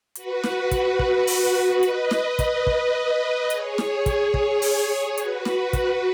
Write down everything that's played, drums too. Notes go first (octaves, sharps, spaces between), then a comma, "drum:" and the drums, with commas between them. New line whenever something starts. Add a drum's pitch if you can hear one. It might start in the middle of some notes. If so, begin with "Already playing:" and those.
F#4 B4, drum: hi-hat
drum: snare
drum: kick, hi-hat
drum: kick
drum: open hi-hat
B4 D#5, drum: hi-hat
drum: snare
drum: kick, hi-hat
drum: kick
G#4 C#5, drum: hi-hat
drum: snare
drum: kick, hi-hat
drum: kick
drum: open hi-hat
F#4 B4, drum: hi-hat
drum: snare
drum: kick, hi-hat